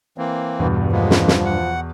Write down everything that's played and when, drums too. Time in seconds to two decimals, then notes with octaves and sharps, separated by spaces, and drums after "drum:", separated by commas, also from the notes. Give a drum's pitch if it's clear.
0.18 E3 A#3 C4
0.60 E2 G2 B2 F#4
0.92 F3 G#3 A#3 B3
1.11 drum: snare
1.28 drum: snare
1.45 F#5